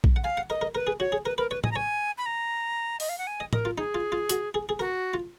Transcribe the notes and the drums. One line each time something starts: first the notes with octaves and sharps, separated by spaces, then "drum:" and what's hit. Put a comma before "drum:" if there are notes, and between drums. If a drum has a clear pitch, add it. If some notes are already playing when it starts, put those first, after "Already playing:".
drum: kick A#1
F#5
F5 G#5
F#5
A#4 D#5
A#4
A#4 B4
G#4
F#4 C#5
G#4
A#4 B4
A#4 B4
B4 C#5
D#5 G#5, drum: tom A2
A#5
C#5 G#5
B5
A#5
D#5, drum: open hi-hat
F5
F#5
G#5
D#5
A#4 D#5, drum: tom A2
F4
D#4 G#4
F4
F4
F#4, drum: hi-hat
G#4
G#4
F#4 A#4
F4